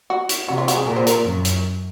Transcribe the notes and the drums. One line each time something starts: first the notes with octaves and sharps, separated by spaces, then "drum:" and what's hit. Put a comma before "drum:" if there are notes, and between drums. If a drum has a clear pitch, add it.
F#4
drum: hi-hat
C3 F#4
F4
F#4, drum: hi-hat
G#4
A#2 A#4
C5
A#4, drum: hi-hat
F#2
drum: hi-hat